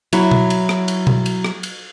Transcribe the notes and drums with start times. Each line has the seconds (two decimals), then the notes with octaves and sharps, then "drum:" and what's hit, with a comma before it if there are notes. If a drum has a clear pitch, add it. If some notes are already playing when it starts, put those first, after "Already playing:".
0.13 F#3 E4, drum: cymbal
0.31 drum: tom B2
0.50 drum: cymbal
0.69 drum: rim click
0.88 drum: cymbal
1.07 drum: tom B2
1.26 drum: cymbal
1.44 drum: rim click
1.63 drum: cymbal